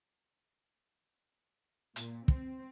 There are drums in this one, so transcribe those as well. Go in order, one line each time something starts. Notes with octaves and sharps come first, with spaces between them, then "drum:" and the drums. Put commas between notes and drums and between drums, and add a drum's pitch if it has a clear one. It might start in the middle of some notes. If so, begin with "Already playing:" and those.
A#2, drum: hi-hat
C4, drum: kick